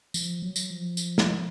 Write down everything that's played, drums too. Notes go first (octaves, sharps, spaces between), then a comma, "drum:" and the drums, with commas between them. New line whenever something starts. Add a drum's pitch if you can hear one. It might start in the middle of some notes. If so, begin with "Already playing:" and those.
F3, drum: tambourine
F#3
drum: tambourine
F3
drum: tambourine
drum: snare